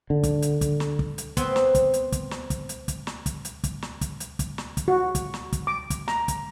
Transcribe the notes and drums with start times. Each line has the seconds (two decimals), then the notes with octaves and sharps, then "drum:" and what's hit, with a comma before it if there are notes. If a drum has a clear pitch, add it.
0.10 D3
0.23 drum: kick, hi-hat
0.42 drum: hi-hat
0.61 drum: kick, hi-hat
0.80 drum: snare
0.99 drum: kick
1.18 drum: hi-hat
1.37 B3 C4, drum: kick, hi-hat
1.56 drum: snare
1.75 drum: kick, hi-hat
1.93 drum: hi-hat
2.12 drum: kick, hi-hat
2.31 drum: snare
2.50 drum: kick, hi-hat
2.69 drum: hi-hat
2.88 drum: kick, hi-hat
3.07 drum: snare
3.26 drum: kick, hi-hat
3.45 drum: hi-hat
3.64 drum: kick, hi-hat
3.82 drum: snare
4.01 drum: kick, hi-hat
4.20 drum: hi-hat
4.39 drum: kick, hi-hat
4.58 drum: snare
4.77 drum: kick, hi-hat
4.88 F#4
5.15 drum: kick, hi-hat
5.34 drum: snare
5.53 drum: kick, hi-hat
5.67 D6
5.90 drum: kick, hi-hat
6.08 A#5, drum: snare
6.28 drum: kick, hi-hat